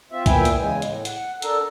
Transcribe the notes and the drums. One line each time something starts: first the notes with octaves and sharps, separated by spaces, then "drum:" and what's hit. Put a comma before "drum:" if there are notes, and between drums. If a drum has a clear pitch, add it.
C4 F4 E5
A#2 B3 E4 E5 G5 G#5, drum: kick, hi-hat
drum: hi-hat
E2 C#3 G#3 G#5
A2, drum: hi-hat
F#5, drum: hi-hat
D4 A4 A#4, drum: hi-hat